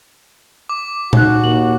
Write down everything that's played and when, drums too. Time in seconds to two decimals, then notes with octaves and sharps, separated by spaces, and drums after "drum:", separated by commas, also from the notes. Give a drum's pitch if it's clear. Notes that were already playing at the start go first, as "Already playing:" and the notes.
0.69 D6
1.13 D#4 F#4 F#6, drum: tom A#2
1.44 D#2 F#7